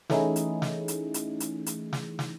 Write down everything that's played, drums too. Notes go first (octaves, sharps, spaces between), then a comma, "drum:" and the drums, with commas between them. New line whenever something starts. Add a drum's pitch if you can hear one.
E3 A3 C#4 D#4 E4 G#4, drum: snare
drum: hi-hat
drum: snare
drum: hi-hat
drum: hi-hat
drum: hi-hat
drum: hi-hat
drum: snare
drum: snare